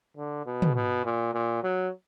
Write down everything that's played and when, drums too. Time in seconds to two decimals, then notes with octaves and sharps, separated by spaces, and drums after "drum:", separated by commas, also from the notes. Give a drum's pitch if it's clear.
0.17 D3
0.46 B2
0.62 drum: tom
0.75 B2
1.05 A#2
1.34 A#2
1.63 F#3